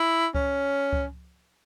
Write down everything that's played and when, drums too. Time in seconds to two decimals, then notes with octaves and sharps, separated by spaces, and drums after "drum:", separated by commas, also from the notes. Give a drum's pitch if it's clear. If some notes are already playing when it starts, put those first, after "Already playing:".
Already playing: E4
0.35 C#4, drum: kick C#2
0.93 drum: kick C#2